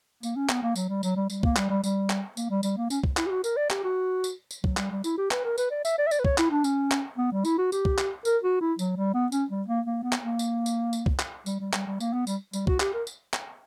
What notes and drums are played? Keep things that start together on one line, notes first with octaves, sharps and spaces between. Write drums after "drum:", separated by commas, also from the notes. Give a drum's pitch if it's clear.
A#3, drum: tambourine
C#4
B3, drum: clap
A#3
F#3, drum: tambourine
G3
F#3, drum: tambourine
G3
G3, drum: tambourine
A#3, drum: kick
G3, drum: clap
G3
G3, drum: tambourine
drum: clap
A#3, drum: tambourine
G3
G3, drum: tambourine
A#3
C#4, drum: tambourine
drum: kick
E4, drum: clap
G4
F#4
A#4, drum: tambourine
D5
G4, drum: clap
F#4
drum: tambourine
drum: tambourine
F#3, drum: kick
G3, drum: clap
G3
E4, drum: tambourine
G4
B4, drum: clap
A#4
B4, drum: tambourine
D5
E5, drum: tambourine
D5
E5
D5, drum: tambourine
B4
C#5, drum: kick
E4, drum: clap
D4
C#4, drum: tambourine
drum: clap
B3
G3
E4, drum: tambourine
F#4
G4, drum: tambourine
drum: kick
drum: clap
A#4, drum: tambourine
F#4
E4
F#3, drum: tambourine
G3
B3
C#4, drum: tambourine
G3
A#3
A#3
B3
drum: clap
A#3
drum: tambourine
drum: tambourine
drum: tambourine
drum: kick
drum: clap
G3, drum: tambourine
G3
G3, drum: clap
G3
A#3, drum: tambourine
B3
G3, drum: tambourine
G3, drum: tambourine
F#4, drum: kick
G4, drum: clap
A#4
drum: tambourine
drum: clap